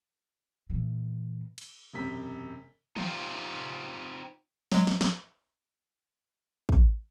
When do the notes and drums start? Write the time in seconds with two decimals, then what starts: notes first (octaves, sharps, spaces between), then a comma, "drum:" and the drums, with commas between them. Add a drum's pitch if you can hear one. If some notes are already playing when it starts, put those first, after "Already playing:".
0.70 A#2 E3
1.58 drum: cymbal
1.93 E1 F#2 C3 B6
2.96 D#4 F4 G4 C5 D5 F5, drum: tom
4.72 F#3 G#3, drum: snare
4.87 drum: snare
5.01 drum: snare
6.69 drum: kick